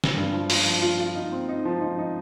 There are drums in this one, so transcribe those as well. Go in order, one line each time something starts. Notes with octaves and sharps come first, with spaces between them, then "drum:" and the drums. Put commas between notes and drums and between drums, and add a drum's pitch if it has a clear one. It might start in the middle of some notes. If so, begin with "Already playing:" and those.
drum: snare
G2
F3
F4, drum: open hi-hat
F3
F4
F4
D#4
C4
D#4
F3
D#4
D#4